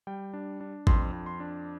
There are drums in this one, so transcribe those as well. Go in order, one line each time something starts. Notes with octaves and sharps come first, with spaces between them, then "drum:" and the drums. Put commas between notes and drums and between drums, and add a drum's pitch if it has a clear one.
G3 G5
D4
D4
F2 C6, drum: kick G#1
F2
C6
D4